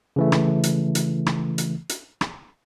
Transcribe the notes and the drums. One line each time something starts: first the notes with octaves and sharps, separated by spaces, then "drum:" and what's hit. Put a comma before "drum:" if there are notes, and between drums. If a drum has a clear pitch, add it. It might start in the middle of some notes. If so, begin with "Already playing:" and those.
C#3 E3 A3
drum: rim click
drum: hi-hat
drum: hi-hat
drum: rim click
drum: hi-hat
drum: hi-hat
drum: rim click